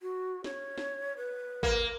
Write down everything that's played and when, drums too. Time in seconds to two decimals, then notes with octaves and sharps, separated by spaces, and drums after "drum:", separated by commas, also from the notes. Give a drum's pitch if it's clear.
0.03 F#4
0.44 C#5, drum: snare
0.78 drum: snare
1.17 B4
1.63 A#3, drum: kick G#1